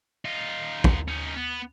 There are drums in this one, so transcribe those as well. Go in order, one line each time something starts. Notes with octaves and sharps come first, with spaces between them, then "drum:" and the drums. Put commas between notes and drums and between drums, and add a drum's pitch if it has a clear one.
D#4 F4
drum: kick
C#4 D#4
B3